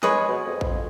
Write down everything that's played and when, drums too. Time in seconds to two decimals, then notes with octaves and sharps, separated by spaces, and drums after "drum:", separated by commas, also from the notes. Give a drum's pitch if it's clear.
0.03 G#3 G#4 B4 C#5, drum: snare
0.29 B2
0.45 F2
0.61 drum: kick A1